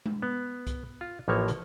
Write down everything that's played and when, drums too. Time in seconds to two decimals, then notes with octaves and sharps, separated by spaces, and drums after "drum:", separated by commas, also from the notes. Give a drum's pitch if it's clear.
0.06 drum: tom G#3
0.22 B3
0.67 drum: kick C2, hi-hat
1.01 F4
1.28 A1 A2 F3 A3 A#3 C#5
1.48 drum: hi-hat